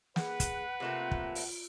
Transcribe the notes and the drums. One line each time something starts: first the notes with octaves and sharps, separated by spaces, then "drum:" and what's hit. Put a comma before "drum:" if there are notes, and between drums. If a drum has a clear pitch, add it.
G#4 B4 F#5, drum: snare
drum: kick, hi-hat
C3 A3 A#3 F4
drum: kick
drum: open hi-hat